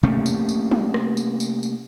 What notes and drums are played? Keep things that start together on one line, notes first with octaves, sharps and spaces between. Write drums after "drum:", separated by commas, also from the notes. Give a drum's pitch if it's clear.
C3 A3 A#3 C#4
drum: tambourine
drum: tambourine
drum: tom
drum: rim click
drum: tambourine
drum: tambourine
drum: tambourine